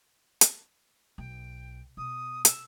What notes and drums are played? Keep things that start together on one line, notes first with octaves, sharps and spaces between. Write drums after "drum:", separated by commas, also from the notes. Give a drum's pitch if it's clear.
drum: hi-hat
B1 G5
B2 D#6
E6, drum: hi-hat